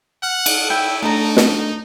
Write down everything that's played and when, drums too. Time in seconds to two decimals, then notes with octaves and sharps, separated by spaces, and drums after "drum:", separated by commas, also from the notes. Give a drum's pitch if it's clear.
0.23 F#5 F6
0.46 drum: cymbal
0.70 E4 G5 E6
1.03 A3 D4 D#4 A4 A5 A#5
1.37 drum: snare